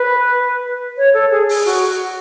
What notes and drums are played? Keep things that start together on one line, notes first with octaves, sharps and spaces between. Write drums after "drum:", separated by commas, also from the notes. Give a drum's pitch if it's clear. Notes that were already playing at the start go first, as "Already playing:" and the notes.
Already playing: B4
C#5
A4
G#4
G#4, drum: open hi-hat
F#4, drum: open hi-hat